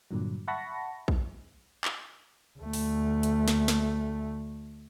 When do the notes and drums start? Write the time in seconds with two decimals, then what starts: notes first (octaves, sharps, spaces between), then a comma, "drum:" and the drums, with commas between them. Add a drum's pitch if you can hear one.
0.11 G2 A#2 D3 F#3
0.48 E5 F#5 A5 B5 C#6 A#6
1.08 drum: kick A#1
1.85 drum: clap
2.59 D2 A3
2.73 drum: open hi-hat
3.23 drum: hi-hat
3.48 drum: snare
3.68 drum: snare